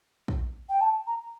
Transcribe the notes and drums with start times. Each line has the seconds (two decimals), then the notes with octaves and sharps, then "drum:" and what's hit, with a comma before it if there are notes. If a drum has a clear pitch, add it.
0.28 drum: kick
0.69 G5
0.80 A5
1.06 A#5